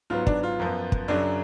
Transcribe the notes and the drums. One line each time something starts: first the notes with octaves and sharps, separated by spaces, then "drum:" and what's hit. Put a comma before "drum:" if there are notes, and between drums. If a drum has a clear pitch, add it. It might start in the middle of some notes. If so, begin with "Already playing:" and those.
G#2 F#3 B3 F4
D4, drum: kick
F4
F#2 F3 B3
drum: kick
F#2 C#3 F#3 D4